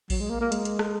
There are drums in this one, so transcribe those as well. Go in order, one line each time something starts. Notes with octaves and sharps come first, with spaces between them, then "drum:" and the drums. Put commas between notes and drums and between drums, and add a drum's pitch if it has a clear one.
F#3, drum: kick A#1, open hi-hat
G#3
A#3
A#3
G#3, drum: hi-hat
drum: hi-hat
drum: rim click